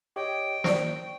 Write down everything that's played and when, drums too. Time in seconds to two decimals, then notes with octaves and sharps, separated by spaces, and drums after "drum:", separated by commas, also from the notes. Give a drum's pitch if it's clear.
0.16 G4 C#5 D#5 G5
0.64 C5 D5 C#6, drum: snare